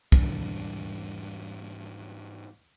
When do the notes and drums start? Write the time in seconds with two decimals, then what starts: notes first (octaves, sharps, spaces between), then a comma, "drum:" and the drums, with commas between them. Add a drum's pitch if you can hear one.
0.12 G#2 E3 G3 D4, drum: kick